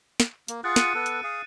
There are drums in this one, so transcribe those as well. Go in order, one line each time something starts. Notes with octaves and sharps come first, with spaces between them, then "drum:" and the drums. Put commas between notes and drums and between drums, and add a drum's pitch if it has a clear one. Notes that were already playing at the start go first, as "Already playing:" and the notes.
drum: snare
A#3, drum: hi-hat
F4 G#4 F#5 F#6 A6
C#7 D#7, drum: snare
B3 A4
drum: hi-hat
G#4 F5